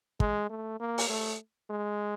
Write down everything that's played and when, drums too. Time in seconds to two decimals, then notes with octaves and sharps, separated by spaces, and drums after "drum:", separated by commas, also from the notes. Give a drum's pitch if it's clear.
0.20 G#3, drum: kick
0.49 A3
0.80 A#3
0.98 drum: open hi-hat
1.09 A3
1.70 G#3